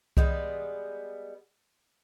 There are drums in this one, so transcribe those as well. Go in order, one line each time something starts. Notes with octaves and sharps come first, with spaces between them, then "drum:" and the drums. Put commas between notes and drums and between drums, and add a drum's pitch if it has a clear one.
G3 G#3 B3, drum: kick C2